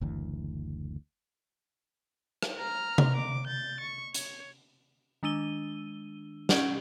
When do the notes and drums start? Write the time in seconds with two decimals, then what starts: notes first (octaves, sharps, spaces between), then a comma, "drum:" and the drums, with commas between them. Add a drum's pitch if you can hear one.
0.01 F#1 D2 E3
2.43 drum: rim click
2.58 A#5 F6
2.98 drum: tom C3
3.16 D6
3.47 G6 A6
3.80 C#6
4.14 C#5, drum: hi-hat
5.23 D#3 G#3 D4 E6 D#7 G7
6.49 C#4 G4 F#5 F6, drum: snare